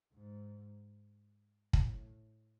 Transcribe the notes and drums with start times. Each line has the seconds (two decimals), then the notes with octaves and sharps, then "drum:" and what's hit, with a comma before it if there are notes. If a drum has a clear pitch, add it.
0.13 G#2
1.73 A2, drum: kick